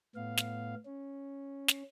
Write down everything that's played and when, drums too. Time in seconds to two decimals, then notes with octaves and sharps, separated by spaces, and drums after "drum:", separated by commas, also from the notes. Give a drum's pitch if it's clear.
0.16 A2 B3 F5
0.37 drum: snare
0.85 C#4
1.68 drum: snare